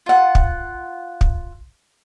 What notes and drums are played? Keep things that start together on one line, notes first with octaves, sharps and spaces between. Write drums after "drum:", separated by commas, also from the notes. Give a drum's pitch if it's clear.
F4 F#5
drum: kick
drum: kick